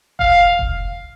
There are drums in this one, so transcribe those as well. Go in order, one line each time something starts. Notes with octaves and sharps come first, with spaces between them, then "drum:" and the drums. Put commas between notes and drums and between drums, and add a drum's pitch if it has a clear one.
F5, drum: kick F1
drum: kick F1